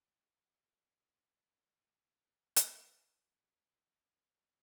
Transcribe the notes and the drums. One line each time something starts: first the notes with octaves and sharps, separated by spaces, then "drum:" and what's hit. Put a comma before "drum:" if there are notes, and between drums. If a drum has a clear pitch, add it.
G#5
E4
G#5
F5
C6
G#5
G#5
A4
D#5
F5
B4
A#4
drum: hi-hat
C2 D#3 C#4 F5
G#1 D2 C3 C4 D#5 F5